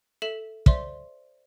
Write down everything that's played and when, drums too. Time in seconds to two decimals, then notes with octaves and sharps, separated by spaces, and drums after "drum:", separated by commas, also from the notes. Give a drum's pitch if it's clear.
0.22 A4 E5 B6 E7
0.66 C5 D5 E5 C6, drum: kick